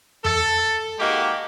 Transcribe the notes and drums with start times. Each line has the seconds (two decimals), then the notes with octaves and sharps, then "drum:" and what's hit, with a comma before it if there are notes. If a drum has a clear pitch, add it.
0.24 A4, drum: tom F2
0.99 G#3 A#3 D#4 F#4 G4